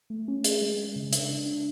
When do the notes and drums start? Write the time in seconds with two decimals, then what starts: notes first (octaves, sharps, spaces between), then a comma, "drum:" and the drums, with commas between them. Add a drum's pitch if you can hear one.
0.10 A3
0.28 C#4
0.44 G#4, drum: hi-hat
0.62 G#3
0.78 G#3
0.96 C#3
1.13 D4, drum: hi-hat
1.29 D4
1.46 D4